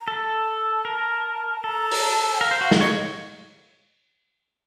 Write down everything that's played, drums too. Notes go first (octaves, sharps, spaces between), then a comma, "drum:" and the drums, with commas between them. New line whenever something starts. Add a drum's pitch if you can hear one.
A#5
A4 A5
A#4
A4 A#5
drum: open hi-hat
A5
A#4 F5
C5
F#4
drum: snare
C#5 D#5